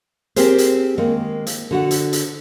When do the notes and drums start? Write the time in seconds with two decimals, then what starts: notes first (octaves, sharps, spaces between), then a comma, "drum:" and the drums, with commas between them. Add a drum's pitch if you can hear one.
0.36 C4 G4 G#4 A#4 C5, drum: hi-hat
0.58 drum: hi-hat
0.98 D#3 G#3 A#3
1.47 drum: hi-hat
1.71 D3 F#4 F#5
1.91 drum: hi-hat
2.13 drum: hi-hat